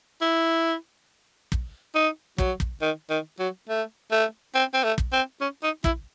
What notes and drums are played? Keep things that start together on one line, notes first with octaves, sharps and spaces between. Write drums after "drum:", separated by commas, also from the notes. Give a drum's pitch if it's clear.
E4
drum: kick
D#4
F#3, drum: kick
drum: kick
D#3
D#3
F#3
A3
A3
C4
C4
A3
drum: kick
C4
C#4
D#4
E4, drum: kick